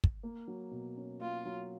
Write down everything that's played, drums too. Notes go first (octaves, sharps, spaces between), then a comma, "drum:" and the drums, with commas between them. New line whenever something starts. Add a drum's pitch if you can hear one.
drum: kick
A#3
F#3
B2
C#4
A#3 F4
F#3